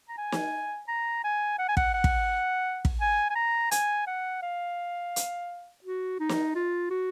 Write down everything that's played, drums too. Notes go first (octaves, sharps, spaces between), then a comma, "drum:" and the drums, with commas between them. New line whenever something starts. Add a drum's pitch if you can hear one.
A#5
G#5
drum: snare
A#5
G#5
F#5
G#5
F#5, drum: kick
F#5
drum: kick
drum: kick
G#5
G#5
A#5
G#5, drum: hi-hat
F#5
F5
drum: hi-hat
F#4
D#4
drum: snare
F4
F#4